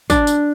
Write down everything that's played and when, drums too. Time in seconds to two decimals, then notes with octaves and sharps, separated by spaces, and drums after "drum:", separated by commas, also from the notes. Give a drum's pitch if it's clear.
0.10 D4, drum: kick, tambourine
0.27 drum: tambourine